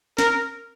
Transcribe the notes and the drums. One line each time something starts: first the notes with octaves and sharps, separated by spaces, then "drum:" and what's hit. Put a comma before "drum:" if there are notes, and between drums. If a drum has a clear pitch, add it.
A#4, drum: snare